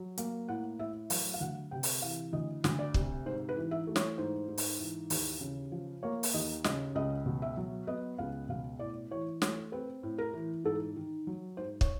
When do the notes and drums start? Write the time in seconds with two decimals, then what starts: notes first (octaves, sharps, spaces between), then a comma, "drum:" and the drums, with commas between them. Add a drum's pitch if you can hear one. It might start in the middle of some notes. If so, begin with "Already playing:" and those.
Already playing: F#3
0.18 A#3, drum: hi-hat
0.48 A2 F#5
0.79 A2 E5
1.10 F#3 F5, drum: open hi-hat
1.34 F5
1.41 D2 F#5
1.71 C3 G5
1.83 drum: open hi-hat
2.02 E3 F5
2.33 D2 D#5
2.64 D2, drum: snare
2.79 D5
2.94 C3, drum: kick
3.26 G#2 C5
3.49 B4
3.56 E3
3.71 E5
3.87 A3
3.96 C#5, drum: snare
4.18 G#2 C5
4.48 G#2
4.58 drum: open hi-hat
4.79 E3
5.10 D#2, drum: open hi-hat
5.41 C#3
5.72 F3
6.03 A#3 C#5
6.23 drum: open hi-hat
6.34 D#2 D#5
6.64 C#3 D#5, drum: snare
6.95 C#2 D#5
7.26 B2
7.42 E5
7.57 F#3
7.87 B3 D#5
8.18 C#2 F5
8.49 B2 F5
8.79 A2 D5
9.11 E3 C#5
9.42 A3 C#5, drum: snare
9.72 C4 B4
10.03 A2
10.18 A#4
10.34 E3
10.64 G#2 A4
10.96 D#3
11.27 F#3
11.57 G#2 C5
11.81 C#5, drum: kick